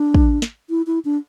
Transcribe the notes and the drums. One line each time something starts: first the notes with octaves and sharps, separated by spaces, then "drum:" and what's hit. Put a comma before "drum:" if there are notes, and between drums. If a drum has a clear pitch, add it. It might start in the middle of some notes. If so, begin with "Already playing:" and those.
Already playing: D4
drum: kick
drum: snare
E4
E4
D4